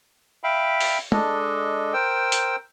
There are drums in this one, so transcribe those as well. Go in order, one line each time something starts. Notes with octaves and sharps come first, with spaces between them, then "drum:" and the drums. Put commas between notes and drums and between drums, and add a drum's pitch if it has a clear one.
E5 F5 G5 B5
drum: open hi-hat
G#3 D4 A4 D#5, drum: tom
A#4 C5 G5 E6
drum: hi-hat